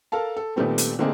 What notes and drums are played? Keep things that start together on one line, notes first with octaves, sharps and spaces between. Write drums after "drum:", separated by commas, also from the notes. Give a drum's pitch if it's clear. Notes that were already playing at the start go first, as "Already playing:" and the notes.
A4 A#4 F5 A5
A4
A#2 D#3 G3 A3 B3 C4
drum: hi-hat
D3 A3 A#3 C4 D#4 G#4